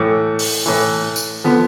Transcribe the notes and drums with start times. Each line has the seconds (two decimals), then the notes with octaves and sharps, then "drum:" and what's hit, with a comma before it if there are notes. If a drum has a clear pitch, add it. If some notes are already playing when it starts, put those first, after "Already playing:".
Already playing: A2 E3 A3
0.39 drum: open hi-hat
0.66 A2 E3
1.16 drum: tambourine
1.44 D3 F3 B3